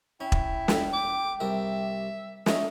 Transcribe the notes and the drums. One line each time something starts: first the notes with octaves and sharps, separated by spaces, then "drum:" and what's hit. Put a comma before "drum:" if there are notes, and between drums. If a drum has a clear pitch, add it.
C#4 E4 G5
drum: kick E1
drum: snare
D6
C2 A#4 E5
A3 C#4 D#4 D#5, drum: snare